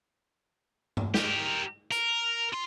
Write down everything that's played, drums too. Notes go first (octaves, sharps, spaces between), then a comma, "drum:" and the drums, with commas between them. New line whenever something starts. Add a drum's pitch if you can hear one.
drum: tom G2
G4 A#4, drum: snare
A#4, drum: hi-hat
F4 C6